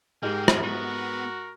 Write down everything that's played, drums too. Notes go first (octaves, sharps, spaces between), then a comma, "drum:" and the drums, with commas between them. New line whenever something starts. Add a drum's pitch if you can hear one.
G#2 G#3 G4 A#4 G5
drum: rim click
B3 F#4 A#4